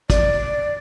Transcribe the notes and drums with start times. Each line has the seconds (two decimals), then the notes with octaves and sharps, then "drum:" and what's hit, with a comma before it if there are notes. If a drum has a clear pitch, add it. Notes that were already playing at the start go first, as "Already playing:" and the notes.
0.10 D5, drum: kick, hi-hat